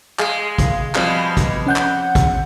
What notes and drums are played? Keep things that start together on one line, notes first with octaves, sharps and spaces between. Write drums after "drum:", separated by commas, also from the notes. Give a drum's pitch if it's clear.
G#3 G#4 F5, drum: clap
drum: kick, hi-hat
B2 F3 G3 G#3 C4 F#6, drum: clap
drum: kick, hi-hat
C#4 F#5 G6
drum: clap
drum: kick, hi-hat